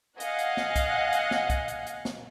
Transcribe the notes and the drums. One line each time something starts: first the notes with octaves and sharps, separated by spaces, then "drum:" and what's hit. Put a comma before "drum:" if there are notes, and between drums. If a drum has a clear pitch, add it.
D#5 F5 F#5 G#5 F#6, drum: hi-hat
drum: hi-hat
drum: snare
drum: kick, hi-hat
drum: hi-hat
drum: snare
drum: kick, hi-hat
drum: hi-hat
drum: hi-hat
drum: snare